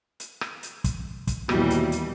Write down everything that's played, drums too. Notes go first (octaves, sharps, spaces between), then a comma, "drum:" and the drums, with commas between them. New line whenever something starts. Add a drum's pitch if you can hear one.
drum: hi-hat
drum: rim click
drum: hi-hat
drum: kick, hi-hat
drum: kick, hi-hat
D#2 B2 E3 G3, drum: rim click
drum: hi-hat
drum: hi-hat